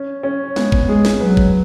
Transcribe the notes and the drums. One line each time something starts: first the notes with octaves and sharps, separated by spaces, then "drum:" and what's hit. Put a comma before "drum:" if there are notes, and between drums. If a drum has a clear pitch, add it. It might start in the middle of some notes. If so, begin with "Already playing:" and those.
Already playing: C#4
C#4
G#3 B3, drum: snare
drum: kick
G#3 G#4
drum: snare
F#3 B4
drum: kick